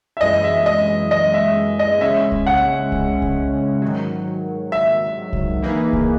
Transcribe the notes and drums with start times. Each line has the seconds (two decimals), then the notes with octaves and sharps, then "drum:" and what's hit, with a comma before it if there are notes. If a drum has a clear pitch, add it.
0.17 E5
0.21 F#2 E3 G#3 D#5
0.44 E5
0.66 D#5
1.11 D#5
1.34 E5
1.79 D#5
2.01 C#3 G#3 C#4 E5
2.32 drum: kick C2
2.47 F#5
2.92 drum: kick C2
3.22 drum: kick C2
3.82 G#2 D#3 F#3
4.72 E5
5.33 drum: kick C2
5.62 E3 A#3 D#4 G#4 B4
5.93 drum: kick C2